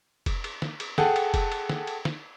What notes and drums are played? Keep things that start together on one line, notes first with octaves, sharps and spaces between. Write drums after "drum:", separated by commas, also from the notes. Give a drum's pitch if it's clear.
drum: kick F1, cymbal
drum: cymbal
drum: snare
drum: cymbal
G#4 A4 F#5 G5, drum: snare
drum: cymbal
drum: kick F1, cymbal
drum: cymbal
drum: snare
drum: cymbal
drum: snare